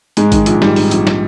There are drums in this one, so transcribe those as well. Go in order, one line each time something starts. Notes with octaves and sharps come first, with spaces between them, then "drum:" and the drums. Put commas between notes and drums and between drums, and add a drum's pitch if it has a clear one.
G#2 G#3, drum: hi-hat
D#3, drum: kick A1, hi-hat
A#1, drum: hi-hat
G#2 G3, drum: snare
G#2, drum: open hi-hat
A#1, drum: hi-hat
drum: snare